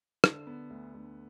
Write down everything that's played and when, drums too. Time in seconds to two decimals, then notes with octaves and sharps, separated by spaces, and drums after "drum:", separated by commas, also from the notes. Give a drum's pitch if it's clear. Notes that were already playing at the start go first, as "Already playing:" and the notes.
0.24 D3, drum: rim click
0.47 B3
0.70 D2
0.95 D2